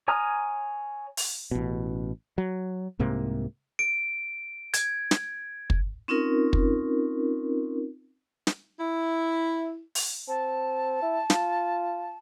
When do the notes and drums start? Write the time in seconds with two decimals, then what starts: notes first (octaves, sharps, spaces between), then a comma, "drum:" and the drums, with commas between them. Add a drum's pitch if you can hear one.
0.08 C#5 G#5 A#5 D#6 F6
1.17 drum: open hi-hat
1.51 A1 B2
2.38 F#3
2.99 C2 G#2 C3 A#3
3.79 D7
4.74 G#6, drum: hi-hat
5.11 drum: snare
5.70 drum: kick
6.08 C4 C#4 D#4 F4 A#4
6.53 drum: kick
8.47 drum: snare
8.79 E4
9.95 drum: open hi-hat
10.28 C4 A5
11.02 E4
11.30 F4, drum: snare